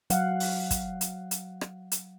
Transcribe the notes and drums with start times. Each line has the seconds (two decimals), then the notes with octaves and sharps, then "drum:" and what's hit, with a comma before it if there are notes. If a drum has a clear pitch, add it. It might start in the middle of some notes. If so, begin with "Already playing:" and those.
0.10 F#3 F5 F#5, drum: hi-hat
0.40 drum: open hi-hat
0.71 drum: kick, hi-hat
1.01 drum: hi-hat
1.31 drum: hi-hat
1.61 drum: rim click
1.92 drum: hi-hat